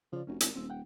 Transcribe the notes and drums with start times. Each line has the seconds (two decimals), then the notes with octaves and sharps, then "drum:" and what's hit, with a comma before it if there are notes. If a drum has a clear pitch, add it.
0.13 C#3 F3 D5
0.27 F1 C#4 D#4 F#4
0.40 G#1 A#4, drum: hi-hat
0.56 D#1 C4 F4 E6
0.70 F#5 G5